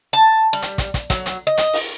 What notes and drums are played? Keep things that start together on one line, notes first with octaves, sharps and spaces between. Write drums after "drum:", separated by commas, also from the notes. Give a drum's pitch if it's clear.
A5
G3
drum: hi-hat
drum: kick, hi-hat
drum: kick, hi-hat
F#3, drum: kick, hi-hat
drum: hi-hat
D#5
drum: hi-hat
drum: open hi-hat